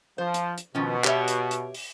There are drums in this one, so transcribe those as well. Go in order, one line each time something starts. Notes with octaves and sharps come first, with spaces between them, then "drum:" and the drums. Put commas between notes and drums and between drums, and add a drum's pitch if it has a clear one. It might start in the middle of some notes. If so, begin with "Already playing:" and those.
F3 C5
drum: hi-hat
drum: hi-hat
B2 D#3 F3 C#4
G4 C#5 E5, drum: clap
drum: hi-hat
drum: hi-hat
drum: open hi-hat